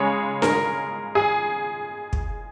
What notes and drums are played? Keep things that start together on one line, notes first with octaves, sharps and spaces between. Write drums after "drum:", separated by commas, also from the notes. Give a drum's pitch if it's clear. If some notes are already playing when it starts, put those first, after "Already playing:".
Already playing: C#3 G#3 C#5
A#4, drum: snare D4
G#4
drum: kick